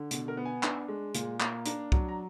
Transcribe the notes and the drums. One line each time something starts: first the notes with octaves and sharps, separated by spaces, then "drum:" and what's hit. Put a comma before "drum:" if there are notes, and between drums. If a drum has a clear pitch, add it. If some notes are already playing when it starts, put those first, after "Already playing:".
Already playing: D3
B2, drum: hi-hat
A#4
B3
G#5
D4, drum: clap
G#3
A#2, drum: hi-hat
A#3, drum: clap
D4 A#5, drum: hi-hat
F#3, drum: kick C2
A#5